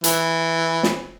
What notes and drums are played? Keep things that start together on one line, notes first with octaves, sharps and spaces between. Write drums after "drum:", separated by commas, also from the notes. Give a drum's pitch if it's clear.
E3, drum: hi-hat
drum: snare